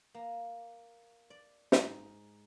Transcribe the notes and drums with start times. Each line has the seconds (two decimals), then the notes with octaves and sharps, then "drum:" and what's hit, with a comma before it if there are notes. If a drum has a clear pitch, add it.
0.14 A#3
1.30 D5
1.72 G#2, drum: snare